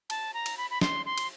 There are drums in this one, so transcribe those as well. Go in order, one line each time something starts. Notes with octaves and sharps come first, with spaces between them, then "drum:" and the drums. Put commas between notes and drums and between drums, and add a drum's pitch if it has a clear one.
A5, drum: cymbal
A#5
drum: cymbal
B5
B5
C6, drum: snare
C6
drum: cymbal